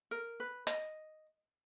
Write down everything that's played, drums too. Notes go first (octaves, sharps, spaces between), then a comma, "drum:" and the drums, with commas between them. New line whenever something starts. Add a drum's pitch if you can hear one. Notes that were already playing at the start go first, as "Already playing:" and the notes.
A#4
B4
D#5, drum: hi-hat